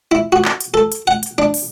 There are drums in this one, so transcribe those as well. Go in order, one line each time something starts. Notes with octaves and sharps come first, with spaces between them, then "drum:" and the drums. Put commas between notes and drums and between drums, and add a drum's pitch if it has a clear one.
E4
F#4
drum: clap
drum: hi-hat
A4
drum: hi-hat
F#5
drum: hi-hat
D4
drum: open hi-hat